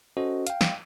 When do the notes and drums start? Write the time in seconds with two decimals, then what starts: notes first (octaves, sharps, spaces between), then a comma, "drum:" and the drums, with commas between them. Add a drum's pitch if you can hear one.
0.17 C#4 F#4 A4 C5 D#5
0.47 F5 G5, drum: hi-hat
0.61 drum: snare